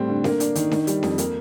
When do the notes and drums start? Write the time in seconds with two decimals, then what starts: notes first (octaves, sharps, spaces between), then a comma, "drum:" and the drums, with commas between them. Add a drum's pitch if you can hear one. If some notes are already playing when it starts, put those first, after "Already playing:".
Already playing: A2 G3 C4
0.08 D3
0.24 A#3, drum: snare D4
0.40 D4, drum: hi-hat
0.55 D#3, drum: hi-hat
0.71 D#3, drum: snare D4
0.87 G3, drum: hi-hat
1.03 F2, drum: snare D4
1.18 A#3, drum: hi-hat